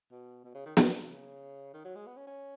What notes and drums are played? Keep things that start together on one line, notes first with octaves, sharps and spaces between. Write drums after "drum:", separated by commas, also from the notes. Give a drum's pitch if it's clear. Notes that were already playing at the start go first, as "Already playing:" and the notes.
B2
B2
C#3
D#3
D#3, drum: snare
B2
C#3
D#3
F#3
G#3
B3
C#4
C#4